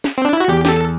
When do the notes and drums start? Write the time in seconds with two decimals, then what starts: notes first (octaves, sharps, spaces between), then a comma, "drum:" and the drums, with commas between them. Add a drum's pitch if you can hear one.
0.04 drum: snare
0.18 C4
0.25 D4
0.33 E4
0.40 F#4
0.48 E2 G4
0.65 G4, drum: snare
0.68 A4